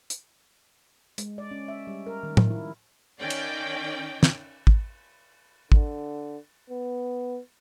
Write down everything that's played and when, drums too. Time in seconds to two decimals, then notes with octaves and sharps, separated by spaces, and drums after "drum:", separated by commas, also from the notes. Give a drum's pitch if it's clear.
0.10 drum: hi-hat
1.18 G#3, drum: hi-hat
1.38 D5
1.51 C#4
1.68 E5
1.87 G3
2.07 A#4
2.23 D#3
2.37 F3, drum: tom A2
2.51 E4
3.20 D#3 C#4 D5 G5
3.30 drum: cymbal
4.23 drum: snare
4.67 drum: kick
5.72 D3, drum: kick
6.70 B3